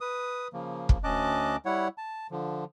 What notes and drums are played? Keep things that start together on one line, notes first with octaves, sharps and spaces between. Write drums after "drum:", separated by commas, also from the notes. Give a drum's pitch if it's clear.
B4 D#6
C#3 F3 A#3
drum: kick
D2 C#4 D#5 A5 D6 F#6
G3 E4 C#5 F#5
A5
D3 F3